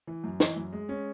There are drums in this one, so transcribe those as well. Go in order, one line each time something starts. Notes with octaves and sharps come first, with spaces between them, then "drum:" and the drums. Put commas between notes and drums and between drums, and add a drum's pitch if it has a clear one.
E3
F#2
E3, drum: snare
F#2
G#3
C#4